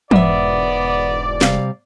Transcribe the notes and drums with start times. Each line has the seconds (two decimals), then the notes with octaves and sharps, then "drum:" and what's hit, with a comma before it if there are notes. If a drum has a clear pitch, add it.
0.11 E1 G#2 B3 D5 E5, drum: tom
1.41 C3 G3 F5, drum: snare